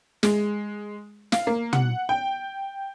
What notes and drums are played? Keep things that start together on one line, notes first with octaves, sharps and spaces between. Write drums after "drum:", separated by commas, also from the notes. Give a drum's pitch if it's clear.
G#3, drum: snare
F5, drum: snare
A#3
F#5, drum: tom
G5